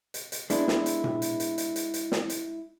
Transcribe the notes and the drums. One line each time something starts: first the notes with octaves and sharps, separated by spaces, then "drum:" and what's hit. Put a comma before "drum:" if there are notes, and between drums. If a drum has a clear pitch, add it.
drum: hi-hat
drum: hi-hat
G#3 B3 D4 E4, drum: hi-hat
drum: snare
drum: hi-hat
drum: tom A#2
drum: hi-hat
drum: hi-hat
drum: hi-hat
drum: hi-hat
drum: hi-hat
drum: snare
drum: hi-hat